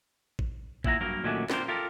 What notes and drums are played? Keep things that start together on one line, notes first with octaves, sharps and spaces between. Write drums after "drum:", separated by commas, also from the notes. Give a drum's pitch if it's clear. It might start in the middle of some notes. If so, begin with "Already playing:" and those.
drum: kick
A#2 E4 F#5 A#5, drum: kick
G2 F#3 A#3 A#4
A#2 D#3 F#3 A3 C#4 D4
B3 C4 D4 F4 A#4 C5, drum: snare
F4 G4 A4 A#4